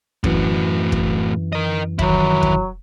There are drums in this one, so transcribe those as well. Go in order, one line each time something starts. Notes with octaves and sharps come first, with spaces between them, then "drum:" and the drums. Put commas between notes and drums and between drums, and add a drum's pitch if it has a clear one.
F#2 A2 E3 F#4, drum: kick
drum: kick
A#4 D#5
D#3 F#3 E4, drum: kick
drum: kick